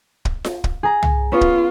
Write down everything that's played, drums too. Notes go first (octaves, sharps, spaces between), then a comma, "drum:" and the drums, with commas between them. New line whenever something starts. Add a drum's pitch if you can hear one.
drum: kick
drum: snare F4
drum: kick
G#4 A#5
drum: tom C2
B3 C#4 F4 C#6
drum: kick